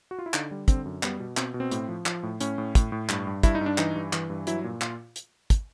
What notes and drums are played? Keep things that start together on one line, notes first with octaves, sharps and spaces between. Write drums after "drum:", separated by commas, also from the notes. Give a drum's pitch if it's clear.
F#4
F4
E4
D3 D#4, drum: clap
G3
D3 C4, drum: kick, hi-hat
F#2
G3 B3, drum: clap
B2
B2 C4, drum: clap
B2
C4
A2, drum: hi-hat
F3
F3, drum: clap
A2
A2 C#4, drum: hi-hat
A2
A2, drum: kick, hi-hat
A2
G2, drum: clap
G2
G2 E4, drum: kick, hi-hat
D#4
G2
D4
E3 D#4, drum: clap
G2
E3, drum: clap
G2
F#3 E4, drum: hi-hat
A#2
A#2 F4, drum: clap
drum: hi-hat
drum: kick, hi-hat